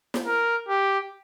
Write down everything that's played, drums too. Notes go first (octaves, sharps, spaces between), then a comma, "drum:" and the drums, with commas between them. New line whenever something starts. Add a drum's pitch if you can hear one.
drum: snare
A#4
G4